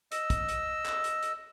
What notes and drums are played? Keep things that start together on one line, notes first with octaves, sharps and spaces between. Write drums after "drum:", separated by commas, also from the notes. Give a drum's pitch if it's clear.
D#5 E6, drum: hi-hat
drum: kick, hi-hat
drum: hi-hat
drum: clap
drum: hi-hat
drum: hi-hat